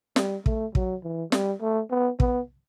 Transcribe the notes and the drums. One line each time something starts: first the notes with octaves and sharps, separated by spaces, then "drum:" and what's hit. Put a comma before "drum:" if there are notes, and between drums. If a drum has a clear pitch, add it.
G3, drum: snare
A3, drum: kick
F#3, drum: kick
E3
G3, drum: snare
A3
B3
B3, drum: kick